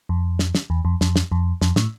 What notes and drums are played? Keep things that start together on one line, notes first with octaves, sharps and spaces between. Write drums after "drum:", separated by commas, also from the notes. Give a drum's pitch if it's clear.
F2
drum: snare
drum: snare
E2
F2
F2, drum: snare
drum: snare
F2
F2, drum: snare
A2, drum: snare